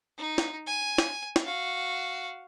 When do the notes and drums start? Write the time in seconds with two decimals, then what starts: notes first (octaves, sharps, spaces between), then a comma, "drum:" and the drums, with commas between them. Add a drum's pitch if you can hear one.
0.18 D#4
0.38 drum: snare
0.67 G#5
0.98 drum: snare
1.36 drum: snare
1.45 F#4 F5